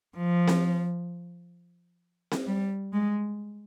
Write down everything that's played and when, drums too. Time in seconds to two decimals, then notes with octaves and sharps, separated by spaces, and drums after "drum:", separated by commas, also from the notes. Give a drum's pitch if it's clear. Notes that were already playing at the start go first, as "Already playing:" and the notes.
0.17 F3
0.48 drum: snare C4
2.32 drum: snare C4
2.47 G3
2.93 G#3